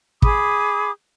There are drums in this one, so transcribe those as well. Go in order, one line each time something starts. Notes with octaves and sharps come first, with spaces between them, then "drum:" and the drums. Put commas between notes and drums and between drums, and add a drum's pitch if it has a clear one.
G#4 B5 D6 D#6, drum: kick